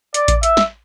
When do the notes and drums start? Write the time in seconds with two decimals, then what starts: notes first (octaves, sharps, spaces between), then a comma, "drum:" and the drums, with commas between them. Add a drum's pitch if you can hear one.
0.14 D5, drum: hi-hat
0.28 drum: kick A1, hi-hat
0.43 E5, drum: hi-hat
0.57 drum: snare